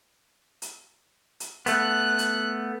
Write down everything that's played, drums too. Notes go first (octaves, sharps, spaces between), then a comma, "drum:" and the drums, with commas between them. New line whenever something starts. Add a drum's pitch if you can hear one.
drum: hi-hat
drum: hi-hat
A3 B3 F#6, drum: hi-hat
drum: hi-hat